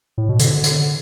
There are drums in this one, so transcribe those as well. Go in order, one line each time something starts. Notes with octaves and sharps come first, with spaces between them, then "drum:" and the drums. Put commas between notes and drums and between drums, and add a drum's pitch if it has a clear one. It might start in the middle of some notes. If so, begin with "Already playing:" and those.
A2
B2
D3, drum: hi-hat
D3, drum: hi-hat